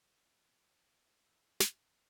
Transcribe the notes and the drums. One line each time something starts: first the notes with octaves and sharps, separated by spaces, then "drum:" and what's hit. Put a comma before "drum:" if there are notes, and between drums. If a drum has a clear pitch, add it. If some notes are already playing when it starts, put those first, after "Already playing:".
C3 E3 F#3
F3 A#4 C5
B1 E3 A3 C4 C#4 D#4 E6
drum: snare